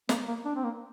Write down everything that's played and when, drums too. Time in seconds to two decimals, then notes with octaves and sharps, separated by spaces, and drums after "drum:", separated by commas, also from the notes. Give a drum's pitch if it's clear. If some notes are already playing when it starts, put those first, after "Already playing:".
0.09 A#3, drum: snare
0.28 A#3
0.45 D4
0.56 C4
0.64 A#3